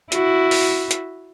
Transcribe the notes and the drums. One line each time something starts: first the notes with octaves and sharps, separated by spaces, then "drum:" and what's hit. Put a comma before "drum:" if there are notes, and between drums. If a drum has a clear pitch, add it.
E4 F#4, drum: hi-hat
drum: open hi-hat
drum: hi-hat